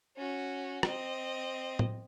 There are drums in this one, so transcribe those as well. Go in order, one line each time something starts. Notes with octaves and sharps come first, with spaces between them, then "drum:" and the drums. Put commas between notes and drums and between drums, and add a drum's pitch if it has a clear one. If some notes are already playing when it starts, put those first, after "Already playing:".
C#4 F#4
C4 D#5, drum: rim click
drum: tom A2